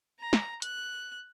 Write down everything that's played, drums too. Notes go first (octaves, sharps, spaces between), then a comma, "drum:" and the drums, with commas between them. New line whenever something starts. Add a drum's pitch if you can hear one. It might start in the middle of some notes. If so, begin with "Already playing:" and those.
A#5
drum: snare
F#6, drum: hi-hat